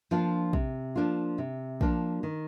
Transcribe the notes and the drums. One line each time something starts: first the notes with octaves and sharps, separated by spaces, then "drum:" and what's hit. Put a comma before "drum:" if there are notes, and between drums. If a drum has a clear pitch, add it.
F3 A#3 D4 F4
C3, drum: kick
F3 A#3 D4 F4
C3
F3 A#3 D4 F4, drum: kick
D#3